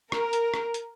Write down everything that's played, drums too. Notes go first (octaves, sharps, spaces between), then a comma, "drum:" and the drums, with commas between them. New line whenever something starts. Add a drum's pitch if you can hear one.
A#4, drum: rim click
drum: hi-hat
drum: rim click
drum: hi-hat